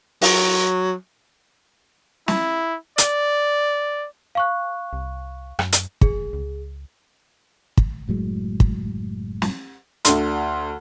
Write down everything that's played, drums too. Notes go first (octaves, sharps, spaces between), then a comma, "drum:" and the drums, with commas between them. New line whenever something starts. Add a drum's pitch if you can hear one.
F#3, drum: open hi-hat
E4, drum: snare
D5, drum: hi-hat
F5 C#6 F#6
C2
F#2, drum: rim click
drum: hi-hat
F1 G#4, drum: kick
C#2
drum: kick
F#1 A2 F#3 G#3
drum: kick
drum: snare
D2 D3 C6, drum: hi-hat